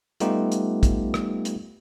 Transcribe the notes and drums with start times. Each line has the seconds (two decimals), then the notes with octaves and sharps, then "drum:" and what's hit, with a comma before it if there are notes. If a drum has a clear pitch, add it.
0.20 G3 A3 B3 D#4 F4 G4, drum: hi-hat
0.52 drum: hi-hat
0.83 drum: kick, hi-hat
1.14 drum: rim click
1.45 drum: hi-hat